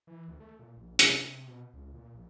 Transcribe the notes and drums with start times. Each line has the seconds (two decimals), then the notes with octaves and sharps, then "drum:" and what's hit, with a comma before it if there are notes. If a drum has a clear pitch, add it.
0.07 E3
0.28 D2
0.40 A3
0.59 A#2
0.77 A#1
0.99 C3, drum: hi-hat
1.18 C3
1.47 B2
1.73 C#2
1.94 A#2
2.14 A#1